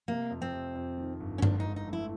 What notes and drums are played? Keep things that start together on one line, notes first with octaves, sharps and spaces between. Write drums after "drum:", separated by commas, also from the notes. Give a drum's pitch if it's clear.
C3 A#3
F2
C4
C3
F2
D#3
G1
C#4
G#2 D4, drum: tom G2
D#4
G#2
D#4
A3 E4